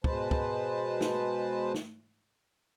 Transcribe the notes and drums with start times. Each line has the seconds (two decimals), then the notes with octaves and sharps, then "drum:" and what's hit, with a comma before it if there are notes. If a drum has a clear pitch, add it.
0.04 B2 G#3 B4 C5 A5, drum: kick
0.31 drum: kick
1.01 drum: snare
1.74 drum: snare